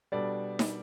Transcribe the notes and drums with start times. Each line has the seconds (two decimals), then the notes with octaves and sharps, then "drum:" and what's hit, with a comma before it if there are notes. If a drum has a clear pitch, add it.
0.12 B2 G3 D4 A4 D5
0.59 drum: snare D#4